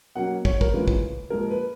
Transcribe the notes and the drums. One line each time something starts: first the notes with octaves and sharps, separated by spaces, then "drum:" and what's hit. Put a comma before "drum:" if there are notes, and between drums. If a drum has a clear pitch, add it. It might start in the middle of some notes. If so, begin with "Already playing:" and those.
B2 F#3 A#3 C#4 F#5
C#5, drum: kick
A#4, drum: kick
E3 G#3 C#4 F4 B4
drum: kick
A#2 F3 G#3 A#4
B4